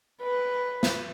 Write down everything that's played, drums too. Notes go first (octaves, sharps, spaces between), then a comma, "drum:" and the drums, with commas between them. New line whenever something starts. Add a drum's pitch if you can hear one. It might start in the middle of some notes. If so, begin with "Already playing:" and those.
B4
drum: snare